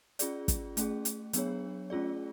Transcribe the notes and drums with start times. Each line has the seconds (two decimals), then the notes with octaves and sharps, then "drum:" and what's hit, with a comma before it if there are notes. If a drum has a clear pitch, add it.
0.19 C#4 F4 G#4 D5, drum: hi-hat
0.48 drum: kick, hi-hat
0.77 A3 C#4 G#4, drum: hi-hat
1.05 drum: hi-hat
1.33 F#3 B3 D4 G#4 C#5, drum: hi-hat
1.90 A3 C#4 F4 G#4 D5